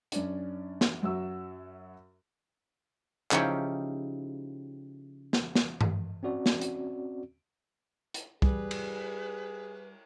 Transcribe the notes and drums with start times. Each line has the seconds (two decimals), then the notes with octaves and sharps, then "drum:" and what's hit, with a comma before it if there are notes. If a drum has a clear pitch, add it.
0.12 F#2 C#4 D4, drum: hi-hat
0.81 drum: snare
1.02 F#2 F#3 F#4 E5 E6
3.31 C#3 F3 D#4 E4 G4 C#5, drum: clap
5.33 drum: snare
5.55 drum: snare
5.81 drum: tom G2
6.23 C4 C#4 F#4 D5
6.46 drum: snare
6.61 drum: hi-hat
8.14 drum: hi-hat
8.42 G3 G#4 B4, drum: kick C2
8.71 drum: cymbal